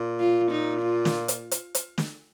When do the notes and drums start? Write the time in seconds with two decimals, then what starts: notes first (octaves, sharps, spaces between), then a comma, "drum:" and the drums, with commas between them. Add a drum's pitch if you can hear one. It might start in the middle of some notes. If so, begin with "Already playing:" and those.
Already playing: A#2
0.20 F4
0.52 D#4
0.82 F4
1.05 drum: snare
1.28 drum: hi-hat
1.51 drum: hi-hat
1.75 drum: hi-hat
1.98 drum: snare